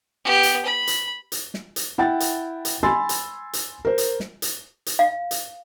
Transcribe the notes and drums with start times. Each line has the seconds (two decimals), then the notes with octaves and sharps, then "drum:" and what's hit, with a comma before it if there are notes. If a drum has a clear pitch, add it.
0.25 B3 G4
0.43 drum: hi-hat
0.65 B5
0.87 drum: hi-hat
1.32 drum: hi-hat
1.54 drum: snare
1.76 drum: hi-hat
1.98 E4 F#5 G5 A6
2.20 drum: hi-hat
2.65 drum: hi-hat
2.83 G#5 B5 C6 E6 A6
3.09 drum: hi-hat
3.53 drum: hi-hat
3.85 A#4 C5
3.98 drum: hi-hat
4.20 drum: snare
4.42 drum: hi-hat
4.86 drum: hi-hat
4.99 F5
5.31 drum: hi-hat